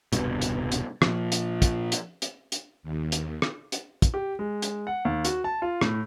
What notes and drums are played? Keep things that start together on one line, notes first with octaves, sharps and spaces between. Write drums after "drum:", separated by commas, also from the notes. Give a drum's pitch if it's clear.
D#1 C2 G2 B2, drum: hi-hat
drum: hi-hat
drum: hi-hat
A#2 F3, drum: rim click
drum: hi-hat
drum: kick, hi-hat
drum: hi-hat
drum: hi-hat
drum: hi-hat
D#2
drum: hi-hat
drum: rim click
drum: hi-hat
drum: kick, hi-hat
G4
G#3
drum: hi-hat
F#5
D#2
F#4, drum: hi-hat
A5
F4
A2, drum: rim click